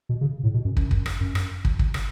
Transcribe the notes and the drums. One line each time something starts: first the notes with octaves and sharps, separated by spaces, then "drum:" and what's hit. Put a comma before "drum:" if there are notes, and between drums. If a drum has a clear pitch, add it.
B2
C#3
A2
B2
F#2
F#2, drum: kick
drum: kick
drum: rim click
F#2
drum: rim click
drum: kick
drum: kick
drum: rim click